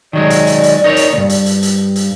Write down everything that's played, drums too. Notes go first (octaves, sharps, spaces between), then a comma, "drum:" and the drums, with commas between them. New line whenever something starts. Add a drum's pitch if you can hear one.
D#3 F#3 G#3 D5
drum: hi-hat
drum: hi-hat
drum: hi-hat
D#4 A#4 C#5
drum: hi-hat
D2 G2
drum: hi-hat
drum: hi-hat
drum: hi-hat
drum: hi-hat